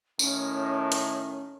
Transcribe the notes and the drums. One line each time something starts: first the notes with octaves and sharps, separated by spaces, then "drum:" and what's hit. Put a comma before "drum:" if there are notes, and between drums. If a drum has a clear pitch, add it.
A2 D#3 C#4, drum: tambourine
drum: hi-hat